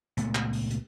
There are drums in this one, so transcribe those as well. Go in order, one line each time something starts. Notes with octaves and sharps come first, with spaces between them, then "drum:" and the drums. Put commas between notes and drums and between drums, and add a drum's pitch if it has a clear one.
C#2 A#2 A3 B3, drum: hi-hat
drum: clap
drum: open hi-hat
drum: hi-hat